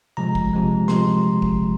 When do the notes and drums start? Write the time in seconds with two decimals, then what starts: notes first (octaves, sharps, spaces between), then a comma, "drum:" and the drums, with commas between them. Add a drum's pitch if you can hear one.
0.17 C3 F3 G#3 A#5
0.35 drum: kick
0.54 C3 F3 G#3
0.88 C3 F3 G#3 C6, drum: snare
1.42 drum: kick